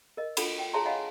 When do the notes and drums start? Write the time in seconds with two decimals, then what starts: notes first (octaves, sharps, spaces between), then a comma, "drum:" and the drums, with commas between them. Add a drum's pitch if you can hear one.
0.17 A#4 D#5
0.37 D4 F4 A4 F#5 B5, drum: cymbal
0.58 G5
0.74 G#4 C#5 E5 A5 A#5 C6
0.85 C#5 D#5 F5 F#5 G#5 B5